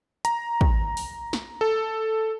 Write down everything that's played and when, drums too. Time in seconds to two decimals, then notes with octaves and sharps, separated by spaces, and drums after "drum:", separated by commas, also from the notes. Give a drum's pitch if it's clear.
0.25 A#5, drum: hi-hat
0.61 drum: kick
0.97 drum: open hi-hat
1.33 drum: snare
1.61 A4